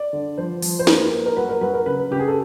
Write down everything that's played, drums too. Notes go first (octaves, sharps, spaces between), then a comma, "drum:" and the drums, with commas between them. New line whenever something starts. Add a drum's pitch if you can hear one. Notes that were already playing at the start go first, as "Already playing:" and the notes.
Already playing: D5
D3
F3 C5
F3, drum: open hi-hat
C5
A#3 B4, drum: snare
A#3
A#4
F#3 B4
A#4
F#3 B4
A#4
C#3 B4
C#3 G4
G#4
A4